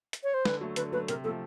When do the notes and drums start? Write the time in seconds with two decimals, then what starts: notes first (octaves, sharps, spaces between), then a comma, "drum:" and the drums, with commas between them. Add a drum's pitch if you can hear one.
0.13 drum: hi-hat
0.24 C#5
0.34 C5
0.45 D3 B4, drum: snare
0.61 F#3 A3
0.76 D3 B4, drum: hi-hat
0.92 F#3 A3 B4
1.08 C3 A#4, drum: hi-hat
1.24 F3 A3 A4